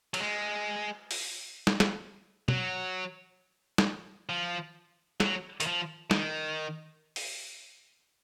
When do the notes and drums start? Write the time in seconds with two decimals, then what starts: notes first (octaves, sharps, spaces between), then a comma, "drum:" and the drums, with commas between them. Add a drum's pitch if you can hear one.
0.14 F#3, drum: cymbal
0.20 G#3
1.11 drum: open hi-hat
1.67 drum: snare
1.80 drum: snare
2.48 F#3, drum: tom
3.78 drum: snare
4.29 F3
5.20 F#3, drum: snare
5.60 D#3, drum: hi-hat
5.67 F3
6.11 D#3, drum: snare
7.16 drum: open hi-hat